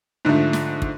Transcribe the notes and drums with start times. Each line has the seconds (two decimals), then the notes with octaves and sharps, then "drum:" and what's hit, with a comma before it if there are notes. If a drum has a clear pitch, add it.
0.25 G#2 D3 F3 A3
0.53 drum: snare
0.82 drum: kick